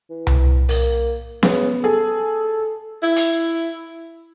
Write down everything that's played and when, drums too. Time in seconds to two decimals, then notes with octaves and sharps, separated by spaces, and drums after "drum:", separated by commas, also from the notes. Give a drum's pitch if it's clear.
0.10 E3
0.27 drum: tom C2
0.69 A#3, drum: open hi-hat
1.43 C#3 B3, drum: snare B3
1.84 G#4 A4
3.03 E4
3.16 drum: hi-hat